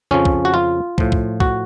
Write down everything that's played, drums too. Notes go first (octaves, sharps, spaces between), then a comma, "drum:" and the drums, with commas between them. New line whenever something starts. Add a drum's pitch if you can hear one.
F2 C#3 F3 C#4
drum: kick
F#4
F4
A2 F3, drum: kick
drum: kick
F#4, drum: kick